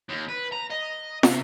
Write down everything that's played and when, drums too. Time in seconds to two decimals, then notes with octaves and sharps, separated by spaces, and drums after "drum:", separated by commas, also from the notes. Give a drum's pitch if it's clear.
0.09 D#2
0.29 B4
0.52 A#5
0.70 D#5
1.23 C3, drum: snare